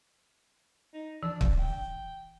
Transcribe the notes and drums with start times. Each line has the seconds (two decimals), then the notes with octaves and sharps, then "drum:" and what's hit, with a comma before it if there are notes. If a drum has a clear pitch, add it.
0.94 D#4
1.23 E3 D4
1.41 drum: kick
1.59 G5